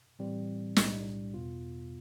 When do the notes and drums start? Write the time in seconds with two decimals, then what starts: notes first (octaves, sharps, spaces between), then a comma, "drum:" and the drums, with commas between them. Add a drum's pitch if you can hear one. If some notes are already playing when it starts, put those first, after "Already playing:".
0.19 A2 E3 G3 C4
0.76 B1 A2 G3 D4, drum: snare
1.34 E2 B2 B3 F4